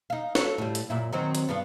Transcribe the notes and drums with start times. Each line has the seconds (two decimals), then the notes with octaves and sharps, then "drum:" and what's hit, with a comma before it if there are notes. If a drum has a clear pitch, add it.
0.10 D#4 F5
0.35 F#4 A4 C#5, drum: snare
0.58 A2 G3
0.75 drum: hi-hat
0.90 F#2 A#2 E4
1.13 D#3 F#3 C4
1.35 drum: hi-hat
1.49 G2 B3 F5